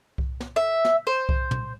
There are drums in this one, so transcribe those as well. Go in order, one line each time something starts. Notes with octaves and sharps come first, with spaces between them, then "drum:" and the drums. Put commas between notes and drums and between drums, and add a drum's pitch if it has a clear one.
drum: kick C2
drum: snare
E5
drum: snare
C5
drum: kick C2
drum: tom